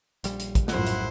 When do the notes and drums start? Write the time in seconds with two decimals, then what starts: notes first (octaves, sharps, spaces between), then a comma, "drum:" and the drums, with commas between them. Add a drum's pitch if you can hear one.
0.24 A#1 G3, drum: hi-hat
0.40 drum: hi-hat
0.55 drum: kick, hi-hat
0.68 F#2 A2 F3 E4 C5 F#5, drum: snare
0.87 drum: hi-hat